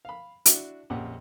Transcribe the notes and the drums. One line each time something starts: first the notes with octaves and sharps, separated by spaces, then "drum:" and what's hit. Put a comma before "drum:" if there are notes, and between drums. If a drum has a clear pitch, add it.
F5 B5
D4 E4 F#4, drum: hi-hat
A#1 F2 A#2 C#4 G4 F#5